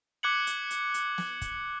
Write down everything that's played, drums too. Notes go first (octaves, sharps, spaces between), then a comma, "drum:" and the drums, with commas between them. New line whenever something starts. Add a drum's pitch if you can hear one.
D6 F#6 G#6 C#7 F#7
drum: hi-hat
drum: hi-hat
drum: hi-hat
drum: snare
drum: kick, hi-hat